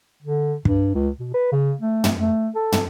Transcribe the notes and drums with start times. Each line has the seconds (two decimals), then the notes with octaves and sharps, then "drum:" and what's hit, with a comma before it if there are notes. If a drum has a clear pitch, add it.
0.23 D3
0.65 G2, drum: kick
0.95 C#2
1.19 B2
1.34 B4
1.52 C#3
1.81 A3
2.04 drum: tom
2.19 A3
2.55 A4
2.72 drum: tom